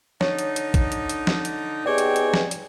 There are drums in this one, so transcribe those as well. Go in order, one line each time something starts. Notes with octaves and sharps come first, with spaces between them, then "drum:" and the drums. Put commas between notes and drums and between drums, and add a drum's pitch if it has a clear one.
D3 D#4 C#5, drum: snare
drum: hi-hat
drum: hi-hat
drum: kick, hi-hat
drum: hi-hat
drum: hi-hat
drum: snare
drum: hi-hat
B3 C4 D#4 G4 G#4 C#5 D5
drum: hi-hat
drum: hi-hat
drum: snare
drum: hi-hat